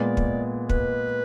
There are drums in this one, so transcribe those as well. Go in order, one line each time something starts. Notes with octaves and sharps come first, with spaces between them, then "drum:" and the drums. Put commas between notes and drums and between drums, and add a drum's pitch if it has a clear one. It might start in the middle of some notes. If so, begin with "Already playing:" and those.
Already playing: A#2 G#3 B3 D5
drum: kick
B4, drum: kick